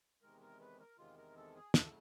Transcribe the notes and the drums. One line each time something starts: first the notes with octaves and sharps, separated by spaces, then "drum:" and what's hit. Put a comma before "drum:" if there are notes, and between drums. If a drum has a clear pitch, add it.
E2 C3 D#3 G#3 A#4
A#4
B4
A#4
E2 C3 D#3 G#3 F4
A#4
A4
G#4
F2 C#3 F#3 A3 A4, drum: snare